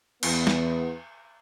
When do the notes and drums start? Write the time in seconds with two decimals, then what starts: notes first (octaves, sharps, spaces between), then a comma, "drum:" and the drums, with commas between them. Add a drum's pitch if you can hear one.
0.23 E2 B3, drum: cymbal
0.47 drum: snare